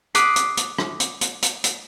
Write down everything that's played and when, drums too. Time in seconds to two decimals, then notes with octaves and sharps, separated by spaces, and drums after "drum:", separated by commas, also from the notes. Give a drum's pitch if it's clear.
0.15 D6 D#6 F#6 B6 C7, drum: hi-hat
0.36 drum: hi-hat
0.57 drum: hi-hat
0.78 drum: rim click
1.00 drum: hi-hat
1.21 drum: hi-hat
1.42 drum: hi-hat
1.64 drum: hi-hat